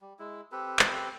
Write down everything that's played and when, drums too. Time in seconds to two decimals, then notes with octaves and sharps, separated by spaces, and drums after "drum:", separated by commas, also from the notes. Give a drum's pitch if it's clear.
0.01 G3
0.19 G#3 E4
0.52 C4 G4 A4 B4
0.79 drum: clap